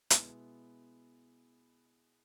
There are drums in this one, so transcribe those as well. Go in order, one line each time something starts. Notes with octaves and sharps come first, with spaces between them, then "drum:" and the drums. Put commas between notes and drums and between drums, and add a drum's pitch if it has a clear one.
B2 G#3 B3 E4, drum: hi-hat